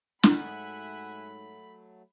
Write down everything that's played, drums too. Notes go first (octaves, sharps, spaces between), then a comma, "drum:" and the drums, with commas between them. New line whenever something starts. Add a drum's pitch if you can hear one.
G#2 F#3 A3 E5 F#5 G#5 B5, drum: snare